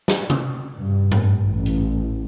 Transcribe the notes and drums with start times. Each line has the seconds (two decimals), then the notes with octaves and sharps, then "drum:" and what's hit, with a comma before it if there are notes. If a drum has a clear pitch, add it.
0.08 drum: snare
0.30 drum: tom C3
0.77 G2
1.12 drum: tom G#2
1.42 A1
1.66 drum: hi-hat